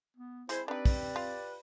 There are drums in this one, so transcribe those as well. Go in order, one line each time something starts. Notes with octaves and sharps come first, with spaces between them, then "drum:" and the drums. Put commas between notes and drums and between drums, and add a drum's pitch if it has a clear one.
B3
G#3 C4 E4 C5, drum: hi-hat
C4 D4 D#4 G4 B4 D5
drum: kick, open hi-hat
F4